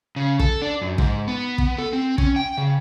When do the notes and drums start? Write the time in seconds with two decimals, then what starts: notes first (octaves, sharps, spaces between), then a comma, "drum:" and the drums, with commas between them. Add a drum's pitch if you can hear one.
0.16 C#3
0.39 A4, drum: kick
0.62 D4
0.81 F#2
0.98 G#2, drum: kick
1.28 B3
1.58 drum: kick
1.78 A4
1.93 C4
2.18 C#4, drum: kick
2.36 G5
2.58 C#3